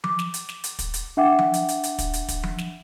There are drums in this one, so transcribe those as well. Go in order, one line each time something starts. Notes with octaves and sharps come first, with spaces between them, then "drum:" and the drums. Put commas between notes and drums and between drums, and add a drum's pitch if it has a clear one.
D6, drum: tom F3
drum: snare
drum: hi-hat
drum: snare
drum: hi-hat
drum: kick, hi-hat
drum: hi-hat
D4 E5 F#5 G5 D6
drum: tom F3
drum: hi-hat
drum: hi-hat
drum: hi-hat
drum: kick, hi-hat
drum: hi-hat
drum: kick, hi-hat
drum: tom F3
drum: snare